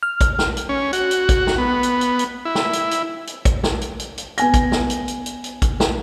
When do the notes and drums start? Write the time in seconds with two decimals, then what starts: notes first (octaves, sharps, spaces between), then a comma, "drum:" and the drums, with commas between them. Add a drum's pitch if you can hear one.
0.03 F6
0.21 drum: kick, hi-hat
0.39 drum: snare
0.57 drum: hi-hat
0.69 C#4
0.93 F#4, drum: hi-hat
1.11 drum: hi-hat
1.29 drum: kick, hi-hat
1.47 drum: snare
1.58 B3
1.83 drum: hi-hat
2.01 drum: hi-hat
2.19 drum: hi-hat
2.45 E4
2.55 drum: snare
2.73 drum: hi-hat
2.91 drum: hi-hat
3.27 drum: hi-hat
3.45 drum: kick, hi-hat
3.63 drum: snare
3.82 drum: hi-hat
4.00 drum: hi-hat
4.18 drum: hi-hat
4.38 B3 G#5 A#6, drum: hi-hat
4.54 drum: kick, hi-hat
4.72 drum: snare
4.90 drum: hi-hat
5.08 drum: hi-hat
5.26 drum: hi-hat
5.44 drum: hi-hat
5.62 drum: kick, hi-hat
5.80 drum: snare